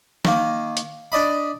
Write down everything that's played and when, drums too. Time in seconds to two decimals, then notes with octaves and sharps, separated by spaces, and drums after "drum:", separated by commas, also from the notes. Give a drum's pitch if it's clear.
0.25 D#3 A#3, drum: snare
0.77 drum: hi-hat
1.12 D4 D5 D#5 B5